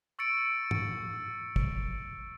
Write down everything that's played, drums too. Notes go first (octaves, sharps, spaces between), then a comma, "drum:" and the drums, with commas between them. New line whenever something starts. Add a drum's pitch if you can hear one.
C#6 E6 A6 C#7 D7
drum: tom
drum: kick